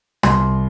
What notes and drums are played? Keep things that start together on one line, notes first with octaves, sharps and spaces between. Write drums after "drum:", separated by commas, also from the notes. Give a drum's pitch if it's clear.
C2 C6, drum: rim click